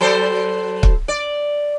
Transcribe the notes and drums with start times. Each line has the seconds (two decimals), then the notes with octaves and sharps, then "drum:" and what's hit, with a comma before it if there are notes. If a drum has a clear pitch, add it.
0.01 F#3 A4 C5
0.83 drum: kick
1.08 D5